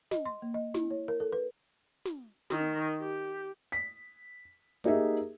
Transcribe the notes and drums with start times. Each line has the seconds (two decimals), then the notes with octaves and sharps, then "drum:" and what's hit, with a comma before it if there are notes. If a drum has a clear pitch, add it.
0.11 D#5, drum: snare
0.25 C6
0.42 A#3
0.54 D#5
0.74 E4, drum: snare
0.91 C#5
1.08 A#4
1.20 A4
1.33 B4
2.05 drum: snare
2.50 D#3, drum: snare
3.00 G4
3.72 B6
4.84 A#3 D#4 G4 G#4 E5, drum: hi-hat